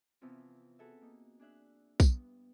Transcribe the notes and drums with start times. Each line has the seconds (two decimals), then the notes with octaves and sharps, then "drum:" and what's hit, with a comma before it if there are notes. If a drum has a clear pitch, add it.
0.21 C3 E3 F3 B3 C4 F4
0.79 F#4 G#4 A4 B4 E5
1.01 A#3 D#4
1.40 D4 G#4 E5 F#6
2.00 G2 B3, drum: kick B1, tambourine